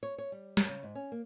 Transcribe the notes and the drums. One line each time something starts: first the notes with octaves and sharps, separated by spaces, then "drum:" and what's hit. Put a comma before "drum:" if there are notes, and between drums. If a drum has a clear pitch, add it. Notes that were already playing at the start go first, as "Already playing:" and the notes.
C#5
C#5
G3
F#2, drum: snare
C#3
G#2
C#4
A#3